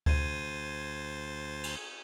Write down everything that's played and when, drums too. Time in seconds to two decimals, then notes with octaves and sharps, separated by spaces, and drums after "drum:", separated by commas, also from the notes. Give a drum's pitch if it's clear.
0.06 D2 C5 G#6 A6 D#7, drum: kick D2
1.64 drum: cymbal